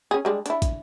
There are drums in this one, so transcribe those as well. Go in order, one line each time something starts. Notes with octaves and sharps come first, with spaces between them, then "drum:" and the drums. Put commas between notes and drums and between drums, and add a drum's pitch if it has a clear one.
C#4 G#4
G3 G#3 D4
D4 E4, drum: hi-hat
drum: kick, hi-hat